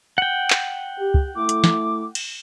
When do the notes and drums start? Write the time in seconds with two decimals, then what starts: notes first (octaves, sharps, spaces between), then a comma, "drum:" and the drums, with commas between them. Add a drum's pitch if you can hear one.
0.18 F#5 G5
0.50 drum: clap
0.97 G4
1.14 drum: kick
1.35 A3 E4 D6
1.49 drum: hi-hat
1.64 drum: snare
2.15 drum: cymbal